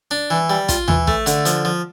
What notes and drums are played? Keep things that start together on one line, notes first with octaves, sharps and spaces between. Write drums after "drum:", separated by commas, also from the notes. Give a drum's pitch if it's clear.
D4
E3
G3
F4, drum: kick, hi-hat
E3, drum: tom D#2
A3, drum: kick
D3, drum: hi-hat
F3, drum: hi-hat
F3